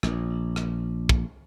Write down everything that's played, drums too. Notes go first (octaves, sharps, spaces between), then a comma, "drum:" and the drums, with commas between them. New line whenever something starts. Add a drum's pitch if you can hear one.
A#1, drum: rim click
drum: rim click
drum: kick